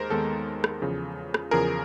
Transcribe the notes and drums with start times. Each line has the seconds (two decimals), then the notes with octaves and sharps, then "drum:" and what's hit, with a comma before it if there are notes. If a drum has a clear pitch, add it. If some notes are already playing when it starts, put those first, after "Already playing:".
Already playing: D#2 G#3 A#4 C5
0.10 D#2 D#3 G#3 B3 A4
0.64 drum: rim click
0.82 E2 C#3 F3
1.34 drum: rim click
1.51 E2 C#3 F3 G#4 A#4